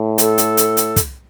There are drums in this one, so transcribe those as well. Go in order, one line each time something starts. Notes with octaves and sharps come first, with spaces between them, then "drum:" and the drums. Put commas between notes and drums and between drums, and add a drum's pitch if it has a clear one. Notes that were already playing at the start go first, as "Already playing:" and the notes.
Already playing: A2
A4, drum: hi-hat
drum: hi-hat
drum: hi-hat
drum: hi-hat
drum: kick, hi-hat